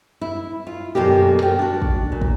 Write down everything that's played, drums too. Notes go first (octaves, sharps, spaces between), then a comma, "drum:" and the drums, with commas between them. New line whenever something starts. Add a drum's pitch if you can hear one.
E4
F4
F#2 B2 D3 A#3 G4
A#4 G5
D4 F#4
drum: kick
A#2
drum: kick